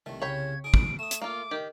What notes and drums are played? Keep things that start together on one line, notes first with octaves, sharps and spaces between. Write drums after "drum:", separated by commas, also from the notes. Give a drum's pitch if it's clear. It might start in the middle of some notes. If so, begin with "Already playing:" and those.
C2 D#3 A3
C2 C#3 C#5 G5 B5 G#6
D#4 G#4 D7
drum: kick
A3 D#6 E7
drum: hi-hat
A#3 F4 D6
D#3 G4